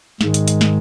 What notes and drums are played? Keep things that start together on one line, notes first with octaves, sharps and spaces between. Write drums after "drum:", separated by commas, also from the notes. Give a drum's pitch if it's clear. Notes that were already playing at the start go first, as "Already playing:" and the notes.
G#2 D#3 G#3, drum: snare
drum: hi-hat
drum: hi-hat
drum: snare